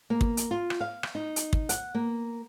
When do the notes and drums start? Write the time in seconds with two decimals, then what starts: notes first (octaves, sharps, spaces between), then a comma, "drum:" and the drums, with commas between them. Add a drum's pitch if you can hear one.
0.10 A#3
0.21 drum: kick
0.37 drum: hi-hat
0.51 F4
0.70 drum: rim click
0.81 F5
1.03 drum: rim click
1.15 D#4
1.36 drum: hi-hat
1.53 drum: kick
1.69 F#5, drum: hi-hat
1.95 A#3